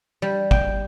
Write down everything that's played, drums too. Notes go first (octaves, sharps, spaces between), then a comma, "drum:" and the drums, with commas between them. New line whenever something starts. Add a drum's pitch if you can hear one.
G3
G5, drum: kick